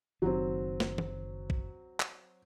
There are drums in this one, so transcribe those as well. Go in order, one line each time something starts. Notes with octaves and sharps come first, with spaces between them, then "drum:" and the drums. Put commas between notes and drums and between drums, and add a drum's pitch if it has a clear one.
F#1 D#3 F#3 C4
drum: snare
drum: tom D#3
drum: kick A#1
drum: clap